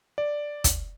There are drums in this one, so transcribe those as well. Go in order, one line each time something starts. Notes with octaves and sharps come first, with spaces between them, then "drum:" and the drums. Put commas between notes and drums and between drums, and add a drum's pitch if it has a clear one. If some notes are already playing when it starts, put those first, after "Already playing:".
D5
drum: kick, hi-hat